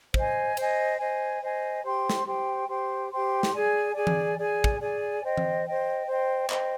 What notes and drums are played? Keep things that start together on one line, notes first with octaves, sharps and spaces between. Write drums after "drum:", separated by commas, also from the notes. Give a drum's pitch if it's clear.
C5 D#5 G#5, drum: kick
C5 D#5 G#5, drum: cymbal
C5 D#5 G#5
C5 D#5 G#5
G4 C5 G5 C6
drum: snare
G4 C5 G5 C6
G4 C5 G5 C6
G4 C5 G5 C6
drum: snare
G#4 D5 G#5
G#4 D5 G#5
drum: tom E3
G#4 D5 G#5
drum: kick
G#4 D5 G#5
C5 D#5 G5
drum: tom E3
C5 D#5 G5
C5 D#5 G5
C5 D#5 G5, drum: clap